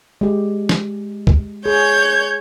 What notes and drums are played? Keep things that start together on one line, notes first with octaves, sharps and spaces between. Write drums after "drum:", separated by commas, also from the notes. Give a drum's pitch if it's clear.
G#3 G4
drum: snare
drum: kick
G#4 C#5 G6 G#6